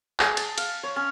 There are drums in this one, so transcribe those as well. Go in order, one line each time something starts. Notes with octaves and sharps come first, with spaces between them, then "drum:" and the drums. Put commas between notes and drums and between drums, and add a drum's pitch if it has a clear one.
G#4, drum: clap
A5, drum: cymbal
F5, drum: cymbal
C#5
C#4